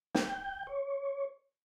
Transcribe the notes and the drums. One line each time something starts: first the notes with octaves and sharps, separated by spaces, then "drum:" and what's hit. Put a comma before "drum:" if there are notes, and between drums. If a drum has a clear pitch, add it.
G5, drum: snare
C#5